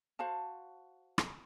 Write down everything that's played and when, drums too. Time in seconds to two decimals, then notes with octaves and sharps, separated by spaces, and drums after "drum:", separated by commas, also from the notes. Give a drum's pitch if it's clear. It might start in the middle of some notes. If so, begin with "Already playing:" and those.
0.19 F#4 C5 F5 A5
1.18 drum: rim click